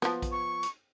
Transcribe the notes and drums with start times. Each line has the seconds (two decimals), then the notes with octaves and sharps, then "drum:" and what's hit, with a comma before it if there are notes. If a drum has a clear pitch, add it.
0.02 F3 B3, drum: snare
0.22 drum: kick A#1, hi-hat
0.32 C#6
0.63 drum: hi-hat